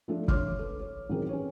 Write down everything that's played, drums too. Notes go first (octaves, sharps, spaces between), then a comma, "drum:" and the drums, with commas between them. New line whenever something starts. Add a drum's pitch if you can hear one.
F3 A3 D4
C#5 C6 D6 F6, drum: kick F#1
A4 B4
C#5
A1 D#3 F#3 C4 G#4 A#4
C#4 B4 C#5